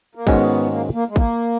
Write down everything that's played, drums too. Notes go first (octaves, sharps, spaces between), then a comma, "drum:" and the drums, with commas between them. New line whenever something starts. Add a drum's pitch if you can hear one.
A#3
G#2 D#3 G#3 B3 C#4 F#4, drum: kick, cymbal
A#3
A#3
G#3
A#3, drum: kick